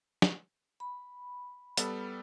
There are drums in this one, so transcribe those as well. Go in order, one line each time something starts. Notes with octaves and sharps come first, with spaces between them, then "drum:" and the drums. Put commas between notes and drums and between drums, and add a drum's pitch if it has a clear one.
drum: snare
B5
G3 B3 A4, drum: hi-hat